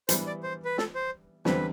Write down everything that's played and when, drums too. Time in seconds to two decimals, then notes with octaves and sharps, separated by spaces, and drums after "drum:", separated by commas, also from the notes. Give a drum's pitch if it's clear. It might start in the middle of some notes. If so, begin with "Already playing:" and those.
0.09 E3 G3 B3 C5, drum: hi-hat
0.27 D5
0.43 C5
0.65 B4
0.78 A4, drum: snare
0.95 C5
1.45 E2 D3 G3 C4 B4, drum: snare